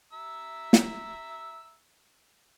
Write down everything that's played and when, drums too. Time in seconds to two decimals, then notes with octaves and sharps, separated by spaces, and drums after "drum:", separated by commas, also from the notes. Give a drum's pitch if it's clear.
0.13 E5 A#5 E6
0.73 drum: snare